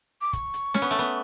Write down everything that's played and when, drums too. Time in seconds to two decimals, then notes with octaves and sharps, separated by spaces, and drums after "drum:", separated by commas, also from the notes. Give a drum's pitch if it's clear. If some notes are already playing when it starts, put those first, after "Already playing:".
0.21 D6
0.33 C#6, drum: kick, hi-hat
0.54 drum: hi-hat
0.74 C#4, drum: snare
0.82 B3
0.91 A3
0.99 B3